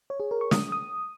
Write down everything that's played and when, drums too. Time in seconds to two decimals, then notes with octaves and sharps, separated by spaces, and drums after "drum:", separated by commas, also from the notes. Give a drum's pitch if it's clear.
0.10 C#5
0.20 G#4
0.31 A#4
0.41 C#6
0.51 D#6, drum: snare
0.72 D#6